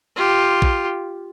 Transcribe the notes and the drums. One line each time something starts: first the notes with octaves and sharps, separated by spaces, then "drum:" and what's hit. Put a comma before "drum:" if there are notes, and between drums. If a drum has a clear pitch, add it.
F4 G4
drum: kick